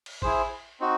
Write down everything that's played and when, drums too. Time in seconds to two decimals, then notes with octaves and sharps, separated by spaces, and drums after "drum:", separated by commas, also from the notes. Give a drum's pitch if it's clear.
0.06 drum: cymbal
0.22 E4 G#4 C5, drum: kick
0.80 C4 D#4 F#4